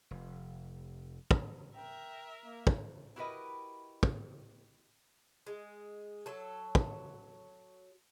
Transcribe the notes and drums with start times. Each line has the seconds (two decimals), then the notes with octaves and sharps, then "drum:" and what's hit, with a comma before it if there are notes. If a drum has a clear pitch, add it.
0.11 F1
1.31 drum: kick
1.76 A#4 E5 G5
2.44 A#3
2.67 drum: kick
3.16 E4 F#4 G4 A#4 B4 D#5
4.03 drum: kick
5.47 G#3
6.26 F#3 A4
6.75 drum: kick